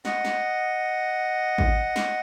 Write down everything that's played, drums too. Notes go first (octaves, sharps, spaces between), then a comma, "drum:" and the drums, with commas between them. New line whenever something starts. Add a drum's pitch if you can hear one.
D#5 F#5, drum: snare
drum: snare
drum: kick
drum: snare